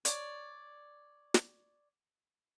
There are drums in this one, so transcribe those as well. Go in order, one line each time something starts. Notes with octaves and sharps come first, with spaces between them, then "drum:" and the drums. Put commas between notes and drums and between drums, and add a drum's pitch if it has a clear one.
C#5 D5, drum: hi-hat
drum: snare